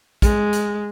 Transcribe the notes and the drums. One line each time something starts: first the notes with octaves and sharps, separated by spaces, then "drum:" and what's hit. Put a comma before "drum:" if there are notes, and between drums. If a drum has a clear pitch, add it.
G#3, drum: kick, hi-hat
drum: hi-hat